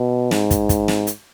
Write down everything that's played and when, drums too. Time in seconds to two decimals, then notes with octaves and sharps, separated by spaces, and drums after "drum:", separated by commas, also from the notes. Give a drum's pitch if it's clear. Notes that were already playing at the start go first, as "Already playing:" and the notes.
Already playing: B2
0.31 G#2, drum: snare
0.51 drum: kick, hi-hat
0.69 drum: kick, hi-hat
0.88 drum: snare
1.07 drum: hi-hat